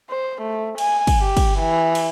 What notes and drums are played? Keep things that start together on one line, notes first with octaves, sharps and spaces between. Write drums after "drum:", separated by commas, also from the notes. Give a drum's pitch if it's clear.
C5
A3
G#5, drum: cymbal
drum: kick, cymbal
G4
drum: kick, cymbal
E3
drum: cymbal